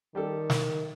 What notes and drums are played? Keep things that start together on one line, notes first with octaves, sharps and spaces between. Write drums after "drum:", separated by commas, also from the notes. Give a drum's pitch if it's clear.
D#3 G3 G4 A4
drum: snare